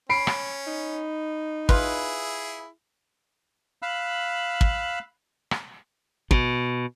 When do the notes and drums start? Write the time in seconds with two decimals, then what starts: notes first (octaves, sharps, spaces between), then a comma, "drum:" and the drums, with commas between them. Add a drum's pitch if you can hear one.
0.09 C#4 B5 C7 D7
0.27 drum: rim click
0.67 D#4
1.69 E4 F4 G#4 B4, drum: kick
3.82 F5 B5 E6 F#6
4.61 drum: kick
5.51 drum: rim click
6.31 B2, drum: kick